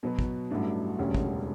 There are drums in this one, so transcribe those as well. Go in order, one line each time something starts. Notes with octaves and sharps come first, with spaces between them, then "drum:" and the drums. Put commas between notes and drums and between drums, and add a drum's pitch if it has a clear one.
B2 F#3 B3 F#4 B4
drum: kick
A1 G2 F#3 A3 D4
E1 D2 C#3 G3 C#4
drum: kick